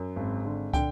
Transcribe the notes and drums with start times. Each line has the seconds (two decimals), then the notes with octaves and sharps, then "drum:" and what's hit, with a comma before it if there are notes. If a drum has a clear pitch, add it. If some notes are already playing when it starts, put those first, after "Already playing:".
Already playing: F#2
0.16 G#1
0.45 D3
0.73 D3 G5, drum: kick, hi-hat